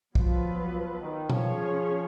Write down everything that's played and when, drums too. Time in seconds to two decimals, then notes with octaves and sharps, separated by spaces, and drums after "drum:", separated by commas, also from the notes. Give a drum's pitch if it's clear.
0.15 F3 F#3 B3 F4 B4, drum: kick B1
0.72 F3
1.00 D#3
1.30 F3 C#4 G#4 C#5, drum: tom B2